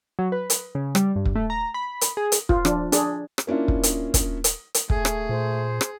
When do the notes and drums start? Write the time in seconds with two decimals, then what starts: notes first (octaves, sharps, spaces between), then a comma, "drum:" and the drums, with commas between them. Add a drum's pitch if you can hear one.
0.19 F#3
0.32 B4
0.50 drum: hi-hat
0.75 C#3
0.95 G3, drum: rim click
1.16 G2
1.26 drum: kick
1.35 A3
1.50 A#5
1.74 B5
2.01 drum: hi-hat
2.17 G#4
2.32 drum: hi-hat
2.49 F4, drum: kick
2.65 F3 D4, drum: rim click
2.92 D4 G#4, drum: hi-hat
3.38 drum: rim click
3.47 A#3 C#4 D4 E4 F4
3.68 drum: kick
3.83 drum: hi-hat
4.14 drum: kick, hi-hat
4.44 drum: hi-hat
4.74 drum: hi-hat
4.90 A3 G#4 G#5, drum: kick
5.05 drum: rim click
5.29 A#2 C5
5.81 drum: rim click